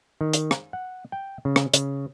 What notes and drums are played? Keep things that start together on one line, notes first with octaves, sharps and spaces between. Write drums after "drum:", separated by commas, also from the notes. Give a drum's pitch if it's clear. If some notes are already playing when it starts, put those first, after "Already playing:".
D#3
drum: hi-hat
drum: rim click
F#5
G5
C#3
drum: rim click
C#3, drum: hi-hat